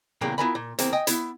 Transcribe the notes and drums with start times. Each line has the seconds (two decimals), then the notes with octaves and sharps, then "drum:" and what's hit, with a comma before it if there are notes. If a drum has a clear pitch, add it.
0.21 E2 A#2 C#3 G3 A#3 G5
0.38 B3 E4 F4 A#4 G#5 B5
0.55 A#2
0.79 E2 A#3 C4, drum: hi-hat
0.93 D#5 G5 G#5
1.07 B3 E4, drum: hi-hat